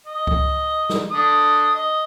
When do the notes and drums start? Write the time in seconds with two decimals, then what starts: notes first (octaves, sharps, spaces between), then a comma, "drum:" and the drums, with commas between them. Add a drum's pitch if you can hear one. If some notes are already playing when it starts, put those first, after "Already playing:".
0.07 D#5
0.27 drum: kick C#2
0.90 drum: snare
1.11 D3 D#6
1.75 D#5